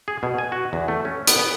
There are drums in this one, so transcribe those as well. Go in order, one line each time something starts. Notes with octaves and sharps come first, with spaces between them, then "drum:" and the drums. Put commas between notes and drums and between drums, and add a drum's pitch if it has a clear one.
G#4
B2
G#5
F#4
E2
A3
C#4
B3, drum: hi-hat
B3